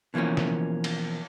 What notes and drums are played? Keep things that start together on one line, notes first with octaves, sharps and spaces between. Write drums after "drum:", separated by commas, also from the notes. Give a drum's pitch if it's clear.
B2 E3 F3 A#3 C#4
drum: snare
drum: cymbal